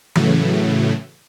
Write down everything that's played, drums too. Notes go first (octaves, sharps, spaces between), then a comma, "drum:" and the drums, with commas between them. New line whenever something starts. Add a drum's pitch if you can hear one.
A2 C#3 E3 F#3 A3, drum: tom E3